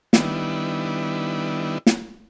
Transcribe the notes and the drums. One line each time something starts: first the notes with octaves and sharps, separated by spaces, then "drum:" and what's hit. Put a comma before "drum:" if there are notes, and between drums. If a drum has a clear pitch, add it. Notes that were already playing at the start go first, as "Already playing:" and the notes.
D#3 G3 B3 D4 E4, drum: snare
drum: snare